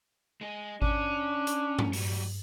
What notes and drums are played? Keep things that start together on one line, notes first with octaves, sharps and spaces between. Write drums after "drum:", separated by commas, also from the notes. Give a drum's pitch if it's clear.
G#3 G#4
C#4 D4, drum: kick G#1
drum: hi-hat
drum: tom G2
F#3 G3, drum: open hi-hat